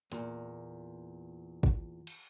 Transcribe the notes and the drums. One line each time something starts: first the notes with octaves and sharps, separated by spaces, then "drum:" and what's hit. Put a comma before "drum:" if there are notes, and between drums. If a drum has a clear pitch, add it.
E2 A#2, drum: hi-hat
drum: kick
drum: cymbal